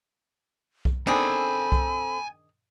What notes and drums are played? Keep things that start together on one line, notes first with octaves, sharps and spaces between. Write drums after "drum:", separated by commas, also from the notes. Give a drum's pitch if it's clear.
drum: kick B1
D#3 C4 D4 G#4 A4 G5 G#5 B5
drum: kick B1